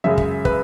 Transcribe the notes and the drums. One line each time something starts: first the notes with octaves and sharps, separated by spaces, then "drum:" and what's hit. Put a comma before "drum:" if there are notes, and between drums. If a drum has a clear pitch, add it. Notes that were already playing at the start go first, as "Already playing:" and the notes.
F#2 C#3 G#3 E5
drum: kick
B4, drum: kick